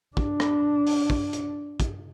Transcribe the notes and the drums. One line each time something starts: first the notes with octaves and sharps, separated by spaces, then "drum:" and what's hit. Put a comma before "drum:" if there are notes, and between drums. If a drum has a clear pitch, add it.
D4, drum: kick
drum: rim click
drum: open hi-hat
drum: kick
drum: hi-hat
drum: kick, hi-hat